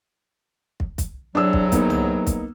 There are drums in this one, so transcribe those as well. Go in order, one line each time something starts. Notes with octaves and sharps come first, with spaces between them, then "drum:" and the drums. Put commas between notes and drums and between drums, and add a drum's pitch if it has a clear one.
drum: kick
drum: kick, hi-hat
E2 C3 F#3 D4 E6
drum: kick
A#3 B3 D#4, drum: kick, hi-hat
drum: tom C2
drum: kick, hi-hat